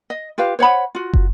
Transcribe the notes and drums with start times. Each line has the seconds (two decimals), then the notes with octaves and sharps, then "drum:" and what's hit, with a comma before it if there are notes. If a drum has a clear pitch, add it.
0.10 D#5
0.38 F4 G4 B4 F5
0.59 C5 C#5 F#5 B5
0.95 F4 F#4
1.13 drum: kick